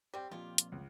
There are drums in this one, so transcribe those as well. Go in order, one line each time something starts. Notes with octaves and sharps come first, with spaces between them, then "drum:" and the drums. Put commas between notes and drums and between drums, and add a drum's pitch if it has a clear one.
G3 C4 G4 G5
F2 A#2 F3 F4
drum: hi-hat
C#2